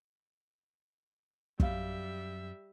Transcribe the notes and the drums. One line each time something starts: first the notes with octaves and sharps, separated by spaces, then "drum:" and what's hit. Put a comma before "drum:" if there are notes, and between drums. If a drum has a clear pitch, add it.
F#2 G3 E5 F5, drum: kick